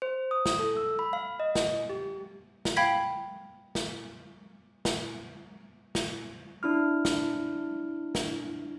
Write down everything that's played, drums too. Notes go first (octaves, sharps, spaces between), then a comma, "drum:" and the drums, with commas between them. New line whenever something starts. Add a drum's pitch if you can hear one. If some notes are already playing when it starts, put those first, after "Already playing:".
C5
D#6
drum: snare
A4
E6
B5
F5
D#5
drum: snare
G4
drum: snare
F5 G5 B5 G#6 B6
drum: snare
drum: snare
drum: snare
D4 E4 F6
drum: snare
drum: snare